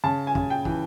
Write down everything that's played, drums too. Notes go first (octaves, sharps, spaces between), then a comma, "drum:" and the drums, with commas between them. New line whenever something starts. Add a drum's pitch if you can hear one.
C#3 A5
G#5
C#3, drum: kick
G5
E3, drum: kick